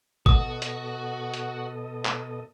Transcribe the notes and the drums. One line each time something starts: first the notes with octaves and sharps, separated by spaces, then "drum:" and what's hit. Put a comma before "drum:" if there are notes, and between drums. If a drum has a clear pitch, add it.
B2 F#4 A4 D#5 D#6, drum: kick A1
drum: hi-hat
drum: hi-hat
drum: clap